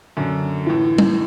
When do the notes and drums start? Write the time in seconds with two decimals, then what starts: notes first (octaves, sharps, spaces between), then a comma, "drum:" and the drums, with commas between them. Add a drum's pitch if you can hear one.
0.17 F#2 D3
0.67 A2 E3
0.98 drum: tom G3